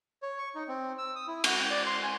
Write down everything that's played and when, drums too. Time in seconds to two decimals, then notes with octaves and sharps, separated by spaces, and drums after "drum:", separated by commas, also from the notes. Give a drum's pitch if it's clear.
0.22 C#5
0.38 C#6
0.55 D#4
0.68 C4
0.98 E6
1.15 D#6
1.27 E4
1.44 F#4, drum: cymbal
1.59 G5
1.70 D5
1.86 C6
2.04 G#5